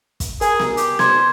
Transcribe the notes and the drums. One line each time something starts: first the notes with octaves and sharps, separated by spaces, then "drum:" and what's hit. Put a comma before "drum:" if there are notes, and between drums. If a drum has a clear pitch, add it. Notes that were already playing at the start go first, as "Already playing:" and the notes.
drum: kick, hi-hat
G#4 A#4 G#5, drum: hi-hat
drum: snare B3
G4, drum: hi-hat
C5 G#6, drum: snare B3